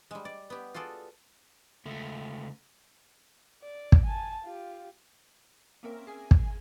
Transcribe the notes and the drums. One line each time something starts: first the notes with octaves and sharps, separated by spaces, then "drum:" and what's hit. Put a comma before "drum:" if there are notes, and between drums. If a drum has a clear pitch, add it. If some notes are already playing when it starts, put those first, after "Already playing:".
G3 G#3
D5
B3 G4
F4 F#4 G#4 A4 D5
C#2 A3
D5
drum: kick
G#5 A5
F4 G4
A#3 C4 C#4 A#4 E5
G#4 G#5
drum: kick